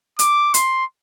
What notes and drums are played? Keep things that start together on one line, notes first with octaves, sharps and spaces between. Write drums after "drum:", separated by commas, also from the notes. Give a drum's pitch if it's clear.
D6, drum: hi-hat
C6, drum: hi-hat